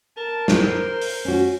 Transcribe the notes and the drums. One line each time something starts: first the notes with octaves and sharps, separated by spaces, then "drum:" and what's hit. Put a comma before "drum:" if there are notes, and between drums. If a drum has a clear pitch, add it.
A#4 A5
C5, drum: snare
drum: open hi-hat
C#4 F#4